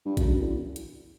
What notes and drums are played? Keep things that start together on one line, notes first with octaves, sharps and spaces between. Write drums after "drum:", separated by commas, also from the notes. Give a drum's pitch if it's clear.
G2
F#2, drum: kick, hi-hat
E2
drum: hi-hat